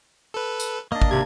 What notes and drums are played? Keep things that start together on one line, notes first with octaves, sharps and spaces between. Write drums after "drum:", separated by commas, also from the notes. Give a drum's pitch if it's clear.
A4 B4
drum: tambourine
A#3 D4 D#5
drum: kick
G#1 C3 G#6